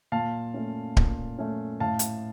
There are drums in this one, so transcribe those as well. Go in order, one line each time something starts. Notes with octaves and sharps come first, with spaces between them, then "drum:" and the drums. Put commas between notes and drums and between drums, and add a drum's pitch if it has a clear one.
A#2 F5 A5
A3 C#4
A#2, drum: kick D1
A3 C#4
A2 F5 A5
drum: hi-hat